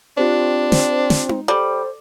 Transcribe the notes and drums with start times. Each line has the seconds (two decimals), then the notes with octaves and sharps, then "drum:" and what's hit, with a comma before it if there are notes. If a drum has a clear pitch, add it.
0.17 C4 D4 F4 G4 C5
0.72 drum: snare
1.10 drum: snare
1.29 drum: tom D#4
1.48 G3 A4 C5